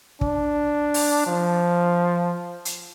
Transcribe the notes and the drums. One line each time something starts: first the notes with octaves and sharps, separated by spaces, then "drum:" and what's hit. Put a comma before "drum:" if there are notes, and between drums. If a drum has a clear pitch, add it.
D4, drum: kick
drum: open hi-hat
F3
drum: hi-hat